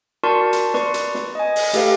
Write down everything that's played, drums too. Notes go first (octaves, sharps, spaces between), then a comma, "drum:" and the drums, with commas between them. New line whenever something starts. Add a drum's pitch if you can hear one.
F#4 A#4 D5 A5 C6 C#6
drum: hi-hat
B4 D5 C6 C#6, drum: snare
drum: hi-hat
drum: snare
D#5 G#5
drum: open hi-hat
A3 G4 A4 B4 F5, drum: hi-hat